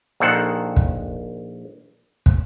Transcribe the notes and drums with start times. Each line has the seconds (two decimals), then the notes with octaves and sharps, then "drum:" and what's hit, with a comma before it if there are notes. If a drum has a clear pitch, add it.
0.20 A#1 D#3 A4 C5 F#5
0.76 drum: kick
2.26 drum: kick